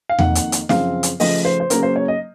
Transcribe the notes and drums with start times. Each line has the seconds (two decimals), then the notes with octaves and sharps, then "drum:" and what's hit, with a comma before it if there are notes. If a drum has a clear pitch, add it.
0.09 F5
0.19 F2 D#3 A#3 F#5, drum: tom E2
0.35 drum: hi-hat
0.52 drum: hi-hat
0.69 F#2 C#3 F3 C4 F5, drum: snare
1.03 drum: hi-hat
1.20 C#3 F3 A3 D#5, drum: open hi-hat
1.45 C5
1.60 C5
1.70 C#3 F#3 A#3 C#4 A#4, drum: hi-hat
1.83 C5
1.96 C#5
2.08 D#5